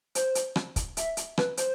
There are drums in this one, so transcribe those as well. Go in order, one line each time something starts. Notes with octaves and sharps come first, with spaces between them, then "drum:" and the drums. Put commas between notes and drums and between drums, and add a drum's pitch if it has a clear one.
C5, drum: hi-hat
drum: hi-hat
drum: rim click
drum: kick, hi-hat
E5, drum: hi-hat
drum: hi-hat
B4, drum: rim click
C5, drum: hi-hat